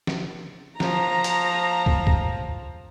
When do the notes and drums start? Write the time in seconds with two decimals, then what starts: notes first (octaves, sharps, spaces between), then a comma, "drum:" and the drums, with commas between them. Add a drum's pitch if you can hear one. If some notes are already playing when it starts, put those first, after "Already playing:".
0.07 drum: snare
0.80 F3 A#5, drum: snare
1.24 drum: hi-hat
1.86 drum: kick
2.07 drum: kick